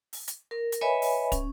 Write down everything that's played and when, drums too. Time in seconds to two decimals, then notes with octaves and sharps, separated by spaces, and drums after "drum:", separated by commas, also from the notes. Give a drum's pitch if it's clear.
0.13 drum: open hi-hat
0.28 drum: hi-hat
0.51 A#4
0.72 drum: hi-hat
0.81 B4 C#5 D#5 E5 G#5 B5
1.02 drum: open hi-hat
1.32 C#4, drum: kick, hi-hat